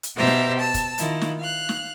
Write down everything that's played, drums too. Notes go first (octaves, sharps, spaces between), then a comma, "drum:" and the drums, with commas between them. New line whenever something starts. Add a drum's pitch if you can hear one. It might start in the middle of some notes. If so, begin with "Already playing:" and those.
drum: hi-hat
B2 G4 C5 E5 A#5
drum: snare
A5 E6
drum: kick, hi-hat
D#3 E4 F4, drum: hi-hat
drum: snare
F5 F#6
drum: snare